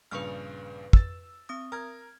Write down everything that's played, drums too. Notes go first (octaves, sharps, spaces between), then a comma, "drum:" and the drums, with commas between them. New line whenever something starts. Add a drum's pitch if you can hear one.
A#1 G2 C#3 B4 C#6 F6
E6 A6, drum: kick
C4 D#6
A#4 F6 G#6